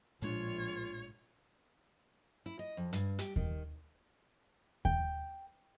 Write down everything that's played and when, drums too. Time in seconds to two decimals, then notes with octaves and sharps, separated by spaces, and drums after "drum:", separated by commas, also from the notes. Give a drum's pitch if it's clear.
0.22 A#1 A2 G#3 D4 F4 C#5
2.46 E4
2.59 D#5
2.77 F2
2.93 G2, drum: hi-hat
3.19 G4, drum: hi-hat
3.36 D#3, drum: kick D#2
4.85 G5, drum: kick D#2